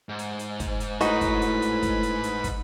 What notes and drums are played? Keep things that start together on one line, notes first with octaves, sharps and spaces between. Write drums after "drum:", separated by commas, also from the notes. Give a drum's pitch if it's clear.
G#2
drum: hi-hat
drum: hi-hat
drum: kick, hi-hat
drum: hi-hat
A2 D#4 F#4 B4, drum: hi-hat
drum: kick, hi-hat
drum: hi-hat
drum: hi-hat
drum: kick, hi-hat
drum: hi-hat
drum: hi-hat
drum: kick, hi-hat